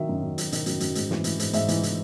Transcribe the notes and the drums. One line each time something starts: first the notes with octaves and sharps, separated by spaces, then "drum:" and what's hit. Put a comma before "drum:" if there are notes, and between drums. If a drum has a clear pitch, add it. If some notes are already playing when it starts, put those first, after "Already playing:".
Already playing: D#3 F#3 E5
F#2
F#2
F#3, drum: hi-hat
D#3, drum: hi-hat
F#2, drum: hi-hat
F#2, drum: hi-hat
G#2, drum: hi-hat
E3, drum: snare
E3, drum: hi-hat
G#2, drum: hi-hat
G#2 E5, drum: hi-hat
E3, drum: hi-hat
E3, drum: hi-hat